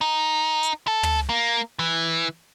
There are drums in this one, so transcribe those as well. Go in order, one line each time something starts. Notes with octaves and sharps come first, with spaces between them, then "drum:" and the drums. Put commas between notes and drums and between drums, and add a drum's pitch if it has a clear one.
D#4
drum: hi-hat
A4
drum: tom
A#3
E3